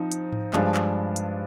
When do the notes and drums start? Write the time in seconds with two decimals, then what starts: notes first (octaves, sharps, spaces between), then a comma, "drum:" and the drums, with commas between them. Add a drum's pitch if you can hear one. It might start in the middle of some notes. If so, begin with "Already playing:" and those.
Already playing: F3 C4 D#4
0.12 drum: hi-hat
0.32 drum: tom G#2
0.53 G2 F3 G#3 D4, drum: clap
0.74 drum: clap
1.16 drum: hi-hat